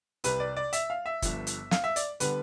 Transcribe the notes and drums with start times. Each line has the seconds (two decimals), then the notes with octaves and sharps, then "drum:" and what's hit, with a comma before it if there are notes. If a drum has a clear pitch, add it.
0.24 C2 C3 G3 B4, drum: hi-hat
0.40 D5
0.56 D5
0.73 E5, drum: hi-hat
0.90 F5
1.06 E5
1.22 G1 G2 F3, drum: kick, hi-hat
1.47 drum: hi-hat
1.71 F5, drum: snare
1.84 E5
1.96 D5, drum: hi-hat
2.20 D3 G3 B3 B4, drum: hi-hat